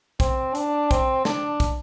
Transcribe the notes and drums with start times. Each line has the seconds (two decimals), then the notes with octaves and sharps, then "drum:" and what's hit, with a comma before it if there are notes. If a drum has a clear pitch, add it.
0.20 C4, drum: kick, hi-hat
0.55 D4, drum: hi-hat
0.91 C4, drum: kick, hi-hat
1.25 D4, drum: snare
1.60 drum: kick, hi-hat